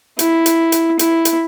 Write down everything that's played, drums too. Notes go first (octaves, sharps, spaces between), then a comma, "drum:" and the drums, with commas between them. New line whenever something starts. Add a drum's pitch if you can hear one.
E4, drum: hi-hat
drum: hi-hat
drum: hi-hat
E4, drum: hi-hat
drum: hi-hat